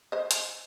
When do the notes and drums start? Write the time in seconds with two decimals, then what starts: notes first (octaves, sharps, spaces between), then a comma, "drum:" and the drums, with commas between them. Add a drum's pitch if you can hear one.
0.12 C5 D#5
0.31 drum: hi-hat